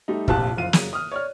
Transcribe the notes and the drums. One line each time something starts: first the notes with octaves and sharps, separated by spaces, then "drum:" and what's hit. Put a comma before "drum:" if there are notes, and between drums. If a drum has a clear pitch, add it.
G3 A3 D#4
F1 A#1 A#2 G4 A5 F#6, drum: kick
F#1 F2 F4 F5 D#7
F#2 C#3, drum: snare
D#6 F6
C#5 D5 F6